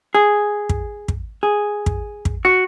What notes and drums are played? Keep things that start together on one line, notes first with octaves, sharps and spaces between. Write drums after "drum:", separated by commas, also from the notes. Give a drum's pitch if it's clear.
G#4
drum: kick
drum: kick
G#4
drum: kick
drum: kick
F#4